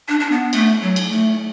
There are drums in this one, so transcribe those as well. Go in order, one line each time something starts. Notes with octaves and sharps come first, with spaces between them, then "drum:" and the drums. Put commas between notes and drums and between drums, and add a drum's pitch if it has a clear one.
D4
D4
B3
A3, drum: cymbal
F#3
drum: cymbal
A3